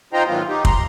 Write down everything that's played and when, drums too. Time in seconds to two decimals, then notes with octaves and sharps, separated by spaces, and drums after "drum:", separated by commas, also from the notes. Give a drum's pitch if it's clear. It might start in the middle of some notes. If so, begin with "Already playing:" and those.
0.13 D#4 F4 C5 D#5 G5 A#5
0.28 G#2 D#3 E3 F#3 B3 F4
0.49 D#4 G4
0.65 A#5 C6, drum: kick